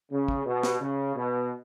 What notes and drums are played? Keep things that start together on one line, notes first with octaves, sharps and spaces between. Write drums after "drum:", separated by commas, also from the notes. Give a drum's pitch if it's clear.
C#3
drum: kick
B2
drum: snare
C#3
B2